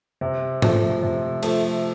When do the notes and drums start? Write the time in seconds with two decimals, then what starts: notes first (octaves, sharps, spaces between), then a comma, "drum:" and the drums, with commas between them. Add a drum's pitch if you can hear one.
0.21 C3
0.62 F3 A3, drum: tom G#2
1.03 C3
1.42 F3 A3, drum: cymbal